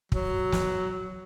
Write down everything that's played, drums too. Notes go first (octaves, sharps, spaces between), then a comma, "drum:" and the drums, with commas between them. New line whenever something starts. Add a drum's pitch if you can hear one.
F#3, drum: kick
drum: snare